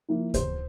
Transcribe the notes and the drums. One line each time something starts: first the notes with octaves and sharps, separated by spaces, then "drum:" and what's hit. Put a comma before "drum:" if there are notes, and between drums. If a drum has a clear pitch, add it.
F3 A#3 E4
E2 C5, drum: kick D2, hi-hat